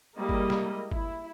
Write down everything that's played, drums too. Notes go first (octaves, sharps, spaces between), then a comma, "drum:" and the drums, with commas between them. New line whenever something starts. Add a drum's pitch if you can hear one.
G3 G#3 A#3 E4 A#4 D#5
drum: kick G1
drum: snare
E4, drum: kick G1